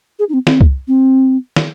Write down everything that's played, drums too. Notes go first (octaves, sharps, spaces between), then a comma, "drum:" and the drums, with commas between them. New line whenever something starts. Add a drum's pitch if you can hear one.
G#4
D#4
C4
C4, drum: snare
drum: kick C2
C4
drum: snare